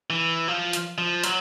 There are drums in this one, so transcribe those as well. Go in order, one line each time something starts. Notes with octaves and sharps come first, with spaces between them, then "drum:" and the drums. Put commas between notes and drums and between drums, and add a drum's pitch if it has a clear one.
E3
F3
drum: hi-hat
F3
F#3, drum: hi-hat